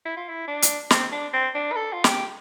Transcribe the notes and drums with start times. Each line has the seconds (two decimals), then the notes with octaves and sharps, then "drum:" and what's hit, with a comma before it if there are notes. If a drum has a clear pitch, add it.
0.06 E4
0.17 F4
0.29 E4
0.48 D4
0.62 drum: hi-hat
0.90 C4, drum: snare
1.12 D4
1.33 C4
1.55 D4
1.72 B4
1.76 A4
1.93 F4
2.04 G4, drum: snare